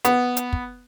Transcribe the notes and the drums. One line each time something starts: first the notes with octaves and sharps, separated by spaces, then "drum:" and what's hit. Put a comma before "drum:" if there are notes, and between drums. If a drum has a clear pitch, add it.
B3, drum: hi-hat
drum: hi-hat
drum: kick